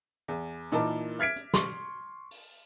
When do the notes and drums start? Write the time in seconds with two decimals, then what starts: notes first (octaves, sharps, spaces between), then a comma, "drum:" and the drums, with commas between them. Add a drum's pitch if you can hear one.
0.28 E2
0.72 A#2 E3 D#4 A#4 A5 D6, drum: hi-hat
1.19 E5 F6 G#6 B6 D7
1.36 drum: hi-hat
1.54 C6 C#6, drum: snare
2.31 drum: open hi-hat